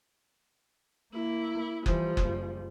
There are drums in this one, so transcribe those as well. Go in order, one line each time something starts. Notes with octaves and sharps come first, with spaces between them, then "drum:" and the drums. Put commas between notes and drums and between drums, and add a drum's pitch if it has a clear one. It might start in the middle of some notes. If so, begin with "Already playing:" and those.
A#3 E4
E3 F3 G3, drum: kick F#1
F#1, drum: kick F#1